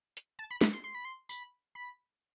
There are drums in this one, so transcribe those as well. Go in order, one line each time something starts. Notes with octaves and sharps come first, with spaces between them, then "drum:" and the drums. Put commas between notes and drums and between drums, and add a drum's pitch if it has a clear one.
drum: hi-hat
A5
B5
B5, drum: snare
C6
C6
B5
C6
B5, drum: tambourine
B5